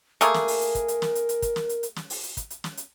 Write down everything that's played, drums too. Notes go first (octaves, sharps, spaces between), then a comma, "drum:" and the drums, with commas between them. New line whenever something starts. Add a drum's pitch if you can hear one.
A3 A#3 G#4 A#4, drum: hi-hat
drum: snare
drum: open hi-hat
drum: hi-hat
drum: kick, hi-hat
drum: hi-hat
drum: snare
drum: hi-hat
drum: hi-hat
drum: kick, hi-hat
drum: snare
drum: hi-hat
drum: hi-hat
drum: snare
drum: open hi-hat
drum: hi-hat
drum: kick, hi-hat
drum: hi-hat
drum: snare
drum: hi-hat